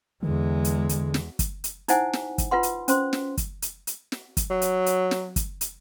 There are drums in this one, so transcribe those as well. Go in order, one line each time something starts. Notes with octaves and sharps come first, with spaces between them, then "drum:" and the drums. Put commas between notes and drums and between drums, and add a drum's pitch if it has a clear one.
E2 D3 G#3
drum: hi-hat
drum: hi-hat
drum: snare
drum: kick, hi-hat
drum: hi-hat
D#4 E4 C5 F#5 G#5, drum: hi-hat
drum: snare
drum: kick, hi-hat
F4 B4 F#5 C6
drum: hi-hat
C#4 C5 C6, drum: hi-hat
drum: snare
drum: kick, hi-hat
drum: hi-hat
drum: hi-hat
drum: snare
drum: kick, hi-hat
F#3
drum: hi-hat
drum: hi-hat
drum: snare
drum: kick, hi-hat
drum: hi-hat